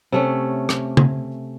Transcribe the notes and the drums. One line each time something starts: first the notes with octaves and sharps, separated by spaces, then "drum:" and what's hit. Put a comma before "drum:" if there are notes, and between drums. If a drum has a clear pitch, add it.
C3 A3 C#4
drum: rim click
drum: tom C#3